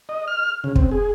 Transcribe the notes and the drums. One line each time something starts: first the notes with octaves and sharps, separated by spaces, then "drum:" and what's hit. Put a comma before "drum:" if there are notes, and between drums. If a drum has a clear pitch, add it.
D#5
F6
C#3
C4, drum: kick
G#4